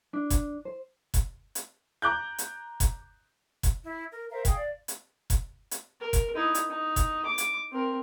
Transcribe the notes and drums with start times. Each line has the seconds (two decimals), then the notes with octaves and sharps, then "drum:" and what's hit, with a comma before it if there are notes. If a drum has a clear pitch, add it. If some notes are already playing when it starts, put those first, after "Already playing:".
0.13 D4
0.30 drum: kick F1, hi-hat
0.65 C5
1.14 drum: kick F1, hi-hat
1.55 drum: hi-hat
2.02 A#5 D6 F#6 G6
2.38 drum: hi-hat
2.80 drum: kick F1, hi-hat
3.63 drum: kick F1, hi-hat
3.84 E4
4.12 A#4
4.31 A#4 C5 E5 F5
4.45 G#4 D#5 G5, drum: kick F1, hi-hat
4.58 D5
4.88 drum: hi-hat
5.30 drum: kick F1, hi-hat
5.71 drum: hi-hat
6.01 A#4
6.13 drum: kick F1, hi-hat
6.35 D#4 E4
6.55 drum: hi-hat
6.70 D#4
6.96 drum: kick F1, hi-hat
7.25 D6
7.38 drum: hi-hat
7.72 C4 A#4